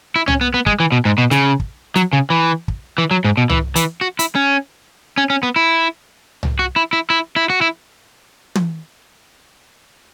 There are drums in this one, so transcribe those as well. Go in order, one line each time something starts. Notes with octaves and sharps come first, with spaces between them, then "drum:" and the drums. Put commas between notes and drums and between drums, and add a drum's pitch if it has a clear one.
E4
C#4, drum: tom C2
B3
B3
G#3, drum: kick
E3
B2
G#2
B2
C#3, drum: snare
drum: kick
F#3, drum: snare
C#3
E3
drum: kick
E3
F#3
G#2
B2
E3, drum: tom C2
E3, drum: hi-hat
F#4
E4, drum: hi-hat
C#4
C#4
C#4
B3
E4
drum: tom C2
F#4
E4
E4
E4
E4
F#4
E4
drum: tom